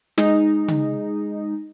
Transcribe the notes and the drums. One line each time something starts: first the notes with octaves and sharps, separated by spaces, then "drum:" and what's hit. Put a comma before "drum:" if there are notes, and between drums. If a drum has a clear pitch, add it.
G#3 D#4, drum: snare
drum: tom C#3